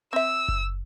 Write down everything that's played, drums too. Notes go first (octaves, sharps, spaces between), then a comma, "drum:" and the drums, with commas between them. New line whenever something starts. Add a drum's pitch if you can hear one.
C4 E5 E6
drum: kick F#1